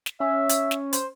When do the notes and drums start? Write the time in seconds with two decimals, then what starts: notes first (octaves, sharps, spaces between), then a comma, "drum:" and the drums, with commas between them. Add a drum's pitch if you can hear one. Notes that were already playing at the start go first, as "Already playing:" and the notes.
0.06 drum: snare
0.20 C#4 E5
0.49 drum: hi-hat
0.71 drum: snare
0.93 C5, drum: hi-hat